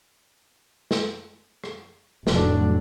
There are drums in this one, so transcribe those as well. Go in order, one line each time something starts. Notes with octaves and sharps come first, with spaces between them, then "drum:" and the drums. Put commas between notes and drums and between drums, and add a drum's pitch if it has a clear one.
drum: snare
drum: rim click
F1 A2 F#3 D4, drum: snare